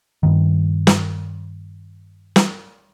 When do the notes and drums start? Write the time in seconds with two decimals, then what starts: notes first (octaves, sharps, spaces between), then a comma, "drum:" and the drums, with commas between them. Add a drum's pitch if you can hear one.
0.23 G2 D#3
0.87 drum: snare
2.36 drum: snare